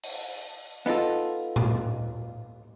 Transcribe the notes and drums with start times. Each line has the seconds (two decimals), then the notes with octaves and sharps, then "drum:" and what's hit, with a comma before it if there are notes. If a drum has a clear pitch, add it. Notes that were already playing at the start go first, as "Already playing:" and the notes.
0.03 drum: open hi-hat
0.86 B3 D#4 F4 A4, drum: tambourine
1.56 drum: tom A#2